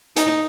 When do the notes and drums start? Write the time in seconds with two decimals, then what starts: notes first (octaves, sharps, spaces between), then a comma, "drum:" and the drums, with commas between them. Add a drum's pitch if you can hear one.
0.16 D#4, drum: hi-hat